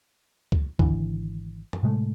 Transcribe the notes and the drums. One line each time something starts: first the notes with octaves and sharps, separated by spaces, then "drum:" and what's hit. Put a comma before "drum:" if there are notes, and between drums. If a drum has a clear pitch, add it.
drum: kick C#2
G#1 D3 E3, drum: kick C#2
drum: tom
A2 C3 G#3 A3